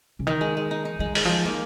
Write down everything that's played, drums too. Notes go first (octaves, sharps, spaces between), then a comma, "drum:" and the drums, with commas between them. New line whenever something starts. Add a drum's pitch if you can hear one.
C#3
D#3 D#4
G#3
G#3
D#4
D#4
F3 G#3
D#3
G#3, drum: open hi-hat
F3
G#3
D#3 A#3